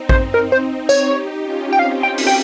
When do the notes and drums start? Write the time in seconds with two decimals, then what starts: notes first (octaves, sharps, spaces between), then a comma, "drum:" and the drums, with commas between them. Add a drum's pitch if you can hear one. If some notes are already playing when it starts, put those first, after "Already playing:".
Already playing: C4 D#4
0.09 C5, drum: kick A1
0.34 A#4
0.52 C5
0.89 C#5, drum: tambourine
1.06 D#4 G4
1.42 C#4 F4
1.72 G5
1.78 C4 D#4 F5
2.03 G5
2.18 drum: open hi-hat
2.27 G5